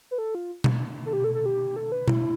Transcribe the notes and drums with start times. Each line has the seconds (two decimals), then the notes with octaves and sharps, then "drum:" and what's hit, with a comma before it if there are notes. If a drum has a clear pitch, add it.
0.11 B4
0.18 A4
0.35 F4
0.64 drum: tom B2
1.06 A4
1.13 G4
1.24 A4
1.34 A4
1.46 G4
1.76 A4
1.92 B4
2.08 E4, drum: tom B2